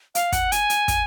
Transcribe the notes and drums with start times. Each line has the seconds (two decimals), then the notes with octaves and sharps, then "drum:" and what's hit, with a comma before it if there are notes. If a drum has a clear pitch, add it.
0.15 F5, drum: hi-hat
0.32 F#5, drum: kick, hi-hat
0.52 G#5, drum: hi-hat
0.70 drum: hi-hat
0.88 drum: kick, hi-hat